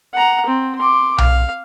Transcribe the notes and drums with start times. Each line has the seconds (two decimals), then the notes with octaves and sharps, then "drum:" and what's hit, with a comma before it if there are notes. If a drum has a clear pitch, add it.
0.14 F#5 A#5
0.46 C4
0.78 C6 D6
1.18 F5, drum: tom B1